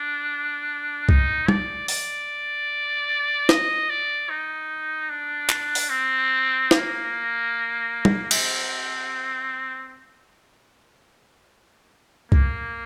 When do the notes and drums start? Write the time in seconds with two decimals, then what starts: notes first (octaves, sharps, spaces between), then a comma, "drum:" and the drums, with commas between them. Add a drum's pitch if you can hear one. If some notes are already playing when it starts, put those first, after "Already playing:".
Already playing: D4
1.09 D#4, drum: kick C2
1.48 D5, drum: tom
1.88 D5, drum: open hi-hat
3.49 D#5, drum: snare
3.90 D5
4.30 D#4
5.10 D4
5.50 drum: clap
5.75 drum: open hi-hat
5.90 C4
6.71 A#3, drum: snare
8.05 drum: tom
8.31 C4, drum: cymbal
12.32 A#3, drum: kick C2